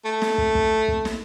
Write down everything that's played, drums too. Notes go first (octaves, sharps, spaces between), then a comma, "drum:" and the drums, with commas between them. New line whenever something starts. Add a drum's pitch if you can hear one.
A3
drum: snare
drum: kick
drum: kick
drum: kick
drum: snare